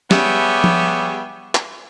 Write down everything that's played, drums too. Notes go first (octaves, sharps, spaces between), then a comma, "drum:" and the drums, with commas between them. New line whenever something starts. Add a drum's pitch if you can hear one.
G3 B3 G4 G#4 C#5 E5, drum: snare
drum: tom F3
drum: clap